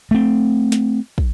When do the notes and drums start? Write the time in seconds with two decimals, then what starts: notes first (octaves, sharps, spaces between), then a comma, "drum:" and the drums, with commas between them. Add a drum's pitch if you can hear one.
0.11 A3 C4
0.72 drum: snare
1.18 drum: kick